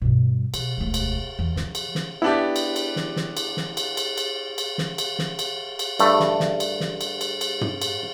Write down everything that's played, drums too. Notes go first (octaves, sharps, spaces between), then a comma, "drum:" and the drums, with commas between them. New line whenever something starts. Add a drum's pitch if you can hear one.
G2 B2
B2, drum: cymbal
E1 D2
drum: cymbal
E2
D3 F3, drum: snare
drum: cymbal
drum: snare
B3 D4 E4 G4
drum: cymbal
drum: cymbal
drum: snare
drum: snare
drum: cymbal
drum: snare
drum: cymbal
drum: cymbal
drum: cymbal
drum: cymbal
drum: snare
drum: cymbal
drum: snare
drum: cymbal
drum: cymbal
G2 A3, drum: cymbal
drum: snare
drum: snare
drum: cymbal
drum: snare
drum: cymbal
drum: cymbal
drum: cymbal
drum: tom
drum: cymbal